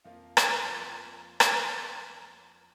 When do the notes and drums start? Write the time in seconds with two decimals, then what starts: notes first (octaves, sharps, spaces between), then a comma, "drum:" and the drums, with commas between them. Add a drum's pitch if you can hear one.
0.04 F2 F3 A#3 F4 F5
0.37 F5, drum: rim click
0.70 F2 F3 A#3 F4 A#5
1.01 C6
1.40 drum: rim click